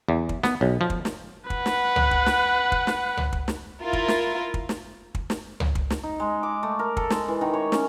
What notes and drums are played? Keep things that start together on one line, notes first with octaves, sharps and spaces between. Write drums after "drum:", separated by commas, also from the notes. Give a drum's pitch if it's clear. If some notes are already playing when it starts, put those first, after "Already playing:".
E2
drum: kick
B3, drum: snare
B1
F3
drum: kick
drum: snare
B4 F#5, drum: kick
drum: snare
drum: tom C#2
drum: kick
drum: snare
drum: kick
drum: snare
drum: tom C#2
drum: kick
drum: snare
E4 F4 A#4
drum: kick
drum: snare
drum: kick
drum: snare
drum: kick
drum: snare
drum: tom C#2
drum: kick
drum: snare
D#4
G#3
D6
A3
A#4
A4, drum: kick
G#3, drum: snare
E3
D#3
C#5
C#4, drum: snare